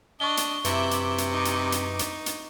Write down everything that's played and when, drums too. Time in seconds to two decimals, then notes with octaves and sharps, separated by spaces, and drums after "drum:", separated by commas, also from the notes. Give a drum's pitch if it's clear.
0.20 D4 D#5 C#6 G7
0.37 drum: hi-hat
0.65 F#2 C3 E4 B4 E5 D6, drum: hi-hat
0.91 drum: hi-hat
1.18 drum: hi-hat
1.32 D#4
1.45 drum: hi-hat
1.72 drum: hi-hat
1.99 drum: hi-hat
2.26 drum: hi-hat